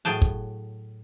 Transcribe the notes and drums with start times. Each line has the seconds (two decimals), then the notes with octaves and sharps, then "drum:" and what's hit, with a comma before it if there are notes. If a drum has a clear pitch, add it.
0.05 A2 F#3 G#4 G5 A5
0.22 drum: kick